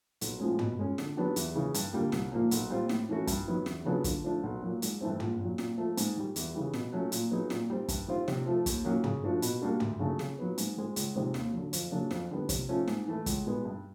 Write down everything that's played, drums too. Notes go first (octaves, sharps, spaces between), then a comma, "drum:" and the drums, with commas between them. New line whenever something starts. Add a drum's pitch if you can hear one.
B1, drum: hi-hat
A2 F3 G#3 C#4
B2, drum: tom
G#3 C#4
D3, drum: snare
F#3 B3 D4 G4
E2, drum: hi-hat
C#3 E3
G2, drum: hi-hat
D3 G3 A#3
C2, drum: snare
A#2 F3 A#3
B1, drum: hi-hat
A#2 G3 C4 F4
A2, drum: snare
E3 A3 C#4 F#4
G2, drum: kick, hi-hat
D#3 F#3 B3 E4
E2, drum: snare
C#3 F#3 B3 D4
D3, drum: kick, hi-hat
F3 A3 D4
B1
A#2 F#3 A#3
G#1, drum: hi-hat
G2 E3 A3 C4
A#1, drum: tom
A#2 F#3
A#2, drum: snare
F3 A3
G#2, drum: hi-hat
D#3 G3
E2, drum: hi-hat
C#3 E3 G3
B2, drum: snare
F#3 A3 C#4
A#2, drum: hi-hat
F#3 B3 D#4 G#4
A#2, drum: snare
G3 C4
G2, drum: kick, hi-hat
D#3 G3 C4 F4
C3, drum: snare
F3 A3
D#2, drum: kick, hi-hat
D#3 F#3 A#3 C#4
C#3, drum: tom
F3 A3 D4 F#4
B2, drum: hi-hat
G3 A#3 D4 F#4
D2, drum: tom
C#3 F#3 A3 D4
C#3, drum: snare
F#3 B3
G#2, drum: hi-hat
D#3 G#3 C4
C#2, drum: hi-hat
C3 D#3 G#3 C4
D#2, drum: snare
D3 F#3
F2, drum: hi-hat
C#3 F#3 A#3 D4
F2, drum: snare
D3 G3 B3
C3, drum: kick, hi-hat
F3 A3 C#4
G#2, drum: snare
E3 A3
C#2, drum: kick, hi-hat
B2 G#3 B3
G2